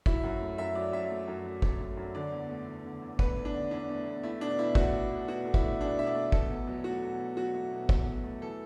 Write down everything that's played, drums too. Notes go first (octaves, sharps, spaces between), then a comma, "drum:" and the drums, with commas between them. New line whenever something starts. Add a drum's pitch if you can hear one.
F#3 E4, drum: kick
F#2
A3
F#2 E5
F#3 D5
F#2 E5
A3
F#2
F#3
F#2, drum: kick
A3
F#2
D3 D5
E2
A3
E2
D3
E2
A3 B4, drum: kick
E2
D4
D3
E2 D4
A3
E2
A3 E4
B2 D4
B2 E4
A3 F#4, drum: kick
A3
B2
B2 F#4
A3
E4, drum: kick
A3
B2 D4
B2 E5
D5
A3
B2 A4, drum: kick
E2
F#3
A3 F#4
B2
E2
F#3 F#4
A3
B2
E2, drum: kick
F#3
A3
E3 A4